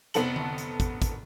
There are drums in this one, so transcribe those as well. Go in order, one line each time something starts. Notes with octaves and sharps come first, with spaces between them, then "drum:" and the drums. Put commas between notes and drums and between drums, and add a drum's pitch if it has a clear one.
F1 B3 C4 A4 F#7, drum: hi-hat
drum: tom D3
drum: hi-hat
drum: kick, hi-hat
drum: kick, hi-hat